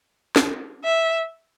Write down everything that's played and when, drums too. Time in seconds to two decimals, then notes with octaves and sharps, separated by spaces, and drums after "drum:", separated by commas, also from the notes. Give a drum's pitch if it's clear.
0.36 drum: snare
0.84 E5